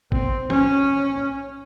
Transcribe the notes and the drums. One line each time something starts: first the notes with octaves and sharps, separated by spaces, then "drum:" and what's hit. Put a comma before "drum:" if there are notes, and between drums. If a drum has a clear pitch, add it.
C4, drum: kick G#1
C#4, drum: tom E3